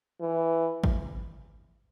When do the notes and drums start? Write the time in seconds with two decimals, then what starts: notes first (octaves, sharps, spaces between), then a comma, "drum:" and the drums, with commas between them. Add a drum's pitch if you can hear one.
0.21 E3
0.84 drum: kick G#1